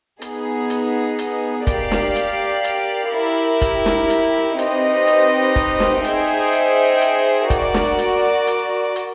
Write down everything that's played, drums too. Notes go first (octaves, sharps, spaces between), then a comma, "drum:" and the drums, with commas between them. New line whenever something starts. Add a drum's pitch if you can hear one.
B3 D#4 G#4, drum: hi-hat
drum: hi-hat
drum: hi-hat
G4 A#4 D5 F5, drum: kick, hi-hat
drum: snare
drum: hi-hat
drum: hi-hat
E4 G4 A#4
drum: kick, hi-hat
drum: snare
drum: hi-hat
C4 D#4 G4 B4 D#5, drum: hi-hat
drum: hi-hat
drum: kick, hi-hat
drum: snare
D#4 G#4 C5 E5 G5, drum: hi-hat
drum: hi-hat
drum: hi-hat
F#4 A#4 D5, drum: kick, hi-hat
drum: snare
drum: hi-hat
drum: hi-hat
drum: hi-hat